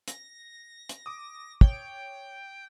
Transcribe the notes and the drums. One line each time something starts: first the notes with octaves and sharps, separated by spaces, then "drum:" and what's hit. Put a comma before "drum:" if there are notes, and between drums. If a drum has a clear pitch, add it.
A#6, drum: hi-hat
drum: hi-hat
D6 D#6
C#5 G5, drum: kick